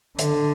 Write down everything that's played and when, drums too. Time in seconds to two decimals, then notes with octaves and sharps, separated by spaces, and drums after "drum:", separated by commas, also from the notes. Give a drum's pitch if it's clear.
0.19 D3, drum: hi-hat